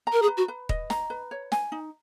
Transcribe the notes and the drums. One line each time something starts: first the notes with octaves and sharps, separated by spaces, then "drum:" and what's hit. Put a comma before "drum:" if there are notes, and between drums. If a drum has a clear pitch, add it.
A#5
A#4
G#4
B4
F#4
B4
D#5, drum: kick D#1
A#5, drum: snare
B4
C#5
G#5, drum: snare
D#4